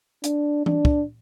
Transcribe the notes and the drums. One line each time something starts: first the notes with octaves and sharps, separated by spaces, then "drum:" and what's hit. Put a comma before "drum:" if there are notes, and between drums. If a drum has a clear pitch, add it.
D4, drum: hi-hat
D4, drum: tom E3
drum: kick